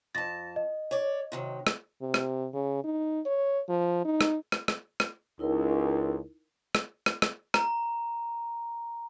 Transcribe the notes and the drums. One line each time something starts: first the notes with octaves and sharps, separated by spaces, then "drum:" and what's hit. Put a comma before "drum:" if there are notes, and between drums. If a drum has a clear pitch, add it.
F2 A5 A6 A#6
D#5
C#5 D5
C3 D#3 F#3
drum: rim click
C3
drum: rim click
C#3
D#4
C#5
F3
D#4
drum: rim click
drum: rim click
drum: rim click
drum: rim click
C#2 D#4 E4 A#4
drum: rim click
drum: rim click
drum: rim click
A#5, drum: rim click